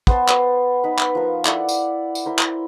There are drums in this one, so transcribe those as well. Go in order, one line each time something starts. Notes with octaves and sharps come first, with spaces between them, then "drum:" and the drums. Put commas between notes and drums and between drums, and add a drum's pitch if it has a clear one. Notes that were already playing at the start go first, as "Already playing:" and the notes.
B3 C5 A5, drum: kick
drum: clap
D#4 B4
drum: clap
F3 A#4
E4 A4 D5 F#5, drum: clap
drum: tambourine
drum: tambourine
E4 A#4 C5
drum: clap